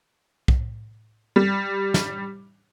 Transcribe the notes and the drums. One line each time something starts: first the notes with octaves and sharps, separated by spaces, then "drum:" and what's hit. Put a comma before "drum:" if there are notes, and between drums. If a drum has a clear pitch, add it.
drum: kick
G3
drum: snare